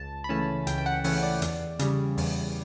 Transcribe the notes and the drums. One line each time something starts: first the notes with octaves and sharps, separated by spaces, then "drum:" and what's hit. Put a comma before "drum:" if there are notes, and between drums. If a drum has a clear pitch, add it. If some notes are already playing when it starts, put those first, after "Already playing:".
Already playing: C#2 A5
B5
C#3 E3 A3 C#4 A5
C#2 G5, drum: hi-hat
G5
F#5
C#3 E3 A3 C#4 F#5, drum: open hi-hat
D5
E2, drum: hi-hat
C#3 G3, drum: hi-hat
E2, drum: open hi-hat